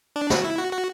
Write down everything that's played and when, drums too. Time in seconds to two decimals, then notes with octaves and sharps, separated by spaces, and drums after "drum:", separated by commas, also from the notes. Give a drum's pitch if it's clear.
0.16 D4
0.30 F#4, drum: snare
0.44 E4
0.59 F#4
0.72 F#4